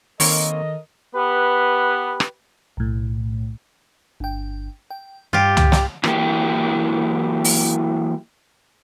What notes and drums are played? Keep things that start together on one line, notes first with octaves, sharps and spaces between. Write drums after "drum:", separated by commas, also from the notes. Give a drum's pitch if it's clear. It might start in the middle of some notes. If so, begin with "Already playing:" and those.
D#3 A#3 C4 A4 A#4 C#5 D#5, drum: open hi-hat
B3 G4 B4
drum: rim click
B1 A2
G1 G5
G5
G2 F4 G4
drum: tom
drum: snare
E3 F#3 A#3 E4 G4, drum: rim click
drum: open hi-hat